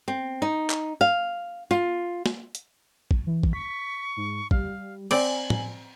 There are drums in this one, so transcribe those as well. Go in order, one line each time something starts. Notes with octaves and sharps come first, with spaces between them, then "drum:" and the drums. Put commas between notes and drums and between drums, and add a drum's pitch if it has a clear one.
C4
D#4
drum: clap
F5
F4
drum: snare
drum: hi-hat
drum: kick
E3
drum: kick
C#6 B6
G#2
G3 F5, drum: kick
C4 D5 G#5 F#7, drum: cymbal
drum: tom